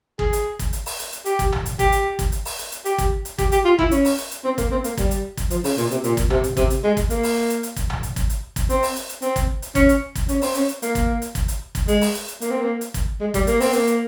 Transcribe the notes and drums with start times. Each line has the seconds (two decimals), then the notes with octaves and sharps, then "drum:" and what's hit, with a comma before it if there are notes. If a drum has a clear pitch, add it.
0.19 G#4, drum: kick
0.33 drum: hi-hat
0.59 drum: kick, hi-hat
0.73 drum: hi-hat
0.86 drum: open hi-hat
0.99 drum: hi-hat
1.13 drum: hi-hat
1.25 G4, drum: hi-hat
1.39 drum: kick, hi-hat
1.52 drum: tom A#1
1.66 drum: hi-hat
1.79 G4, drum: kick, hi-hat
1.92 drum: hi-hat
2.19 drum: kick, hi-hat
2.32 drum: hi-hat
2.45 drum: open hi-hat
2.59 drum: hi-hat
2.72 drum: hi-hat
2.85 G4, drum: hi-hat
2.98 drum: kick, hi-hat
3.25 drum: hi-hat
3.38 G4, drum: kick, hi-hat
3.52 G4, drum: hi-hat
3.65 F4
3.79 E4, drum: kick
3.91 C#4, drum: hi-hat
4.05 drum: open hi-hat
4.18 drum: hi-hat
4.31 drum: hi-hat
4.44 C4
4.58 A#3, drum: kick, hi-hat
4.71 C4
4.84 A#3, drum: hi-hat
4.97 G3, drum: kick, hi-hat
5.11 drum: hi-hat
5.37 drum: kick, hi-hat
5.50 F3, drum: hi-hat
5.64 C#3, drum: open hi-hat
5.78 A#2, drum: hi-hat
5.91 C3, drum: hi-hat
6.04 A#2, drum: hi-hat
6.17 drum: kick, hi-hat
6.30 C3, drum: tom A#1
6.44 drum: hi-hat
6.57 C3, drum: kick, hi-hat
6.70 drum: hi-hat
6.84 G#3
6.97 drum: kick, hi-hat
7.10 A#3, drum: hi-hat
7.23 drum: open hi-hat
7.50 drum: hi-hat
7.63 drum: hi-hat
7.76 drum: kick, hi-hat
7.90 drum: tom A#1
8.03 drum: hi-hat
8.16 drum: kick, hi-hat
8.30 drum: hi-hat
8.56 drum: kick, hi-hat
8.70 C4, drum: hi-hat
8.83 drum: open hi-hat
8.96 drum: hi-hat
9.09 drum: hi-hat
9.22 C4, drum: hi-hat
9.36 drum: kick, hi-hat
9.62 drum: hi-hat
9.75 C#4, drum: kick, hi-hat
9.89 drum: hi-hat
10.15 drum: kick, hi-hat
10.29 C#4, drum: hi-hat
10.42 C4, drum: open hi-hat
10.54 C#4, drum: hi-hat
10.69 drum: hi-hat
10.82 A#3, drum: hi-hat
10.95 drum: kick, hi-hat
11.22 drum: hi-hat
11.35 drum: kick, hi-hat
11.48 drum: hi-hat
11.75 drum: kick, hi-hat
11.88 G#3, drum: hi-hat
12.01 drum: open hi-hat
12.15 drum: hi-hat
12.28 drum: hi-hat
12.41 A#3, drum: hi-hat
12.51 C4
12.61 A#3
12.81 drum: hi-hat
12.94 drum: kick, hi-hat
13.20 G#3
13.34 G3, drum: kick, hi-hat
13.47 A#3, drum: hi-hat
13.60 C4, drum: open hi-hat
13.73 A#3, drum: hi-hat
13.87 drum: hi-hat